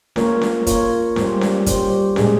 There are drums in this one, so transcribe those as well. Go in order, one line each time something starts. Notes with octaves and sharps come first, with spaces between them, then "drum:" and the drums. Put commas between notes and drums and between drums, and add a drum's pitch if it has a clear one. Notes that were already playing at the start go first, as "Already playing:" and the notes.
A#3 F4 A#4 C#5, drum: snare C#4
drum: snare C#4
A#3 F4 A#4 C#5, drum: kick, hi-hat
G3 C#4 G4 C5, drum: snare C#4
drum: snare C#4
G3 C#4 G4 C5, drum: kick, hi-hat
A#2 G#3 C#4 G#4, drum: snare C#4